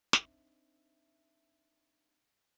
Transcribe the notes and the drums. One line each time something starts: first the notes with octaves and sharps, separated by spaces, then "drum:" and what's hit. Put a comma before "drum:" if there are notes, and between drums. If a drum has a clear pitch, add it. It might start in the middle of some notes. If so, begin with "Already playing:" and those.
C4 D4 D#4 E5, drum: snare